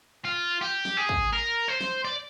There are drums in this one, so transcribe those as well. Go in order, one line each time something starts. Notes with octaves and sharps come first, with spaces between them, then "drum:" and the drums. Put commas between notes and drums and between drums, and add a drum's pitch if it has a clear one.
F4
G4
drum: snare
G#4
drum: kick
A#4
C5
drum: snare
D5